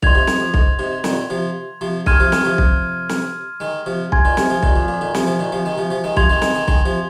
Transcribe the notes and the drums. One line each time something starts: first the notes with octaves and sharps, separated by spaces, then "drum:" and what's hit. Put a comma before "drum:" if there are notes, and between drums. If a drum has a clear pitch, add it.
A#2 D#3 C6 G#6 F7, drum: kick B1
G#2 C3
G#2, drum: snare
F2
G#2, drum: kick B1
G#2 C3
A#2 D#3, drum: snare
C3 F3
C3 F3
D#3 G#3 C6 F6 G#6 D#7, drum: kick B1
C3 F3
D#3 G#3, drum: snare
C3 F3
drum: kick B1
drum: snare
D#3 G#3
C3 F3
G#5 C6 G#6, drum: kick B1
A#2 D#3
G#2 C3, drum: snare
C3 F3
A#2 D#3, drum: kick B1
F2 A#2
F2 A#2
A#2 D#3
C3 F3, drum: snare
C3 F3
A#2 D#3
C3 F3
D#3 G#3
C3 F3
C3 F3
D#3 G#3
C3 F3 C6 G#6 F7, drum: kick B1
D#3 G#3
D#3 G#3, drum: snare
D#3 G#3
D#3 G#3, drum: kick B1
C3 F3